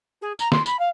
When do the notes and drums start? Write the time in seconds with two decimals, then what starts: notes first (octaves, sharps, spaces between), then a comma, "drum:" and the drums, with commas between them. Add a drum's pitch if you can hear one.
0.21 G#4
0.39 A#5, drum: tambourine
0.52 C6, drum: snare
0.66 B5, drum: tambourine
0.79 F5